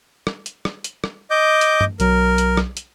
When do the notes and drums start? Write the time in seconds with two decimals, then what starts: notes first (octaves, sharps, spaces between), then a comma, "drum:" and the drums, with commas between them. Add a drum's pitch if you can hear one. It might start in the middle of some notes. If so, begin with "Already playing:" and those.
0.27 drum: rim click
0.46 drum: hi-hat
0.65 drum: rim click
0.84 drum: hi-hat
1.04 drum: rim click
1.30 D#5 D6 G6
1.61 drum: hi-hat
1.81 drum: tom G2
2.00 B1 F#3 A#4, drum: hi-hat
2.38 drum: hi-hat
2.57 drum: rim click
2.77 drum: hi-hat